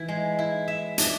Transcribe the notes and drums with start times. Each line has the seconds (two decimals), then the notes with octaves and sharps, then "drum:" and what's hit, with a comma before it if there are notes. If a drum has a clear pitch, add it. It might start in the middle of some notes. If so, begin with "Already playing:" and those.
Already playing: E3 E4
0.08 G#3
0.39 E4
0.68 E5
0.98 D4, drum: hi-hat